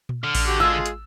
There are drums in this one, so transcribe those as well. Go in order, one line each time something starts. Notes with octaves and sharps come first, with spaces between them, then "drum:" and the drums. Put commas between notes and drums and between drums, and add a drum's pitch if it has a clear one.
drum: tom A#2
D3 F6
drum: kick A1, open hi-hat
F#4 G4 D6
G#3 F4 G#4 E6
drum: hi-hat